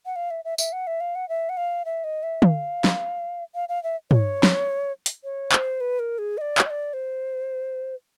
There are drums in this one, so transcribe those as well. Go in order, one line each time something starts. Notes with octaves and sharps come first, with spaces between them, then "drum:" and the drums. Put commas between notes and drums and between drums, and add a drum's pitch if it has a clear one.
F#5
F5
E5
E5
E5, drum: tambourine
F#5
E5
F5
F#5
E5
F#5
F5
E5
D#5
E5
F5, drum: tom
drum: snare
F5
F5
E5
C#5, drum: tom
drum: snare
drum: hi-hat
C#5
C5, drum: clap
B4
A#4
G#4
D#5
D5
C#5, drum: clap
D#5
D5
C5